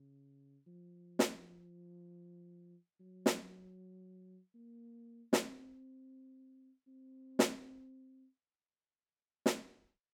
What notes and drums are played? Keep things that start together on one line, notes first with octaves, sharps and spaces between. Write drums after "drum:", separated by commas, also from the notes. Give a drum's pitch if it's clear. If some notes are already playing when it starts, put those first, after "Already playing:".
Already playing: C#3
F3
drum: snare
F#3
drum: snare
A#3
C4, drum: snare
C4
drum: snare
drum: snare